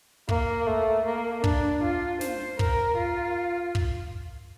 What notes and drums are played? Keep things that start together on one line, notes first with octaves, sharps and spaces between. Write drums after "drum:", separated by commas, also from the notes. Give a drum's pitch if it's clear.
A#3, drum: kick
A3
A#3
D4, drum: kick
F4
C5, drum: snare
A#4, drum: kick
F4
drum: kick